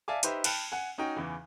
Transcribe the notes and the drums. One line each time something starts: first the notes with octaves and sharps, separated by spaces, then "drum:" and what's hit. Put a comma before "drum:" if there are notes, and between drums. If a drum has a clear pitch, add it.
D5 E5 F5 G#5 A5 D6
D#4 G4 B4 C5 E5, drum: hi-hat
G5 A5 B5 F6 F#6, drum: cymbal
F#5 G#5
C#4 D#4 F#4 G5
E2 C#3 E3